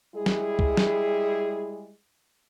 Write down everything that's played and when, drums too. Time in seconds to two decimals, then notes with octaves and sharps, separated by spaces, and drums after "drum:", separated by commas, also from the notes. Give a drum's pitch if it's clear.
0.15 G3 G#3 E4 G#4
0.26 drum: snare
0.59 drum: kick
0.77 drum: snare